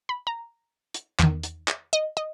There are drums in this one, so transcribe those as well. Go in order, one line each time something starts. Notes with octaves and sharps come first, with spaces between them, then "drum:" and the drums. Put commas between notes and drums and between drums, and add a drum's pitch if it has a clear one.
B5
A#5
drum: hi-hat
E2 D#3, drum: clap
drum: hi-hat
drum: clap
D#5
D#5